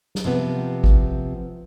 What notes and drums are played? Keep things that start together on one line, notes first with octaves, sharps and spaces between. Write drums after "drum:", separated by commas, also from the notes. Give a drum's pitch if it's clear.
drum: snare
C3 F3 B3
drum: kick G#1